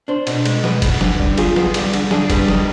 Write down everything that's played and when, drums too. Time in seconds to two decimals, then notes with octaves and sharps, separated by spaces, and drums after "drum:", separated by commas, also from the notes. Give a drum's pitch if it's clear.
0.08 D4 C5
0.27 B2, drum: cymbal
0.46 G#3, drum: cymbal
0.64 B2 B4, drum: snare
0.82 B3 B4, drum: kick F#1, cymbal
1.01 D3, drum: snare
1.20 G3, drum: kick F#1
1.38 F4 G#4, drum: cymbal
1.56 B3, drum: snare
1.74 G2, drum: cymbal
1.94 D3, drum: cymbal
2.11 D4 G#4, drum: snare
2.30 G3 B4, drum: kick F#1, cymbal
2.48 D#3, drum: snare